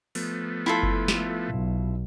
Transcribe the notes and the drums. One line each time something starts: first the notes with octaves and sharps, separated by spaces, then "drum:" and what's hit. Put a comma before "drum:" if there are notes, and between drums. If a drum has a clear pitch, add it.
F3 A3 B3, drum: open hi-hat
E4 F4 A4
drum: kick F#1
drum: snare
B1